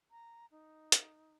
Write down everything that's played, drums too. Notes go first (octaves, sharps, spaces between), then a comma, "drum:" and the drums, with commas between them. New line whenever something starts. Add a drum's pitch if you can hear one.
A#5
D#4
drum: hi-hat